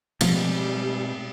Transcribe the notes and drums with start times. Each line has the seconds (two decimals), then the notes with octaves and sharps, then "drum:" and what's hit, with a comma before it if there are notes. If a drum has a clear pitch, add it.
0.21 G#2 B2 F3 G3 A3 C4, drum: cymbal